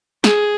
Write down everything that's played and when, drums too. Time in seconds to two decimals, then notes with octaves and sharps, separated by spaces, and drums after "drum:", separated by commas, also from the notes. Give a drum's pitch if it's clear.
0.24 G#4, drum: snare